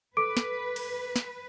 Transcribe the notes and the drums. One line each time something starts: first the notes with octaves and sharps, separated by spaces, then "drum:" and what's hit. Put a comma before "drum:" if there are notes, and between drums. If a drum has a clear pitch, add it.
A4 B4 D6 D7
drum: snare
drum: cymbal
drum: snare